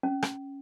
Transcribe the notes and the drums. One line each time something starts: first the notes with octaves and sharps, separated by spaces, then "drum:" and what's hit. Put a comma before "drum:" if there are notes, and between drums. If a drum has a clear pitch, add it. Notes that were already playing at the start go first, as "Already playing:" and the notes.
C#4
drum: rim click